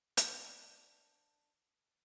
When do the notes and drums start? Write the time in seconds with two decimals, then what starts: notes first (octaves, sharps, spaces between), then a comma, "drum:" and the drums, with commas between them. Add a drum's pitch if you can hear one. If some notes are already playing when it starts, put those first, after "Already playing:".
0.17 D4 A#4, drum: hi-hat